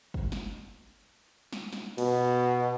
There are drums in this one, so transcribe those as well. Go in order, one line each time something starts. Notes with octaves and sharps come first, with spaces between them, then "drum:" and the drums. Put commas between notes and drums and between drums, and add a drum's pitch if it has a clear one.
drum: kick
drum: snare
drum: snare
drum: snare
B2, drum: cymbal